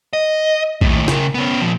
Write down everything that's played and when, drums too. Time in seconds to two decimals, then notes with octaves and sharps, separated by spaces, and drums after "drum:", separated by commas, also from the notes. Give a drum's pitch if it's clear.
0.13 D#5
0.81 D#2 A2, drum: kick A#1
1.08 C#3 A#4, drum: snare
1.35 B3 C#4
1.62 A#2 F3